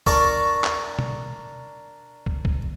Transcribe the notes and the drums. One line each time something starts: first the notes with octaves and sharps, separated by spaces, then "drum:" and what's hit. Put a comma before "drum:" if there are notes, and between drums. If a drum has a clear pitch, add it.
D4 A#4 D5 C#6, drum: kick
drum: clap
drum: tom
drum: kick
drum: kick